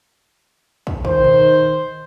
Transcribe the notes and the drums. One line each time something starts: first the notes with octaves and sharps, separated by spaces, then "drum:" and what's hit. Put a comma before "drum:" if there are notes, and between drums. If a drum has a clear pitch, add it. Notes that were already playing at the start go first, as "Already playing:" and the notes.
drum: kick
D#3 C5, drum: kick
drum: tom A#2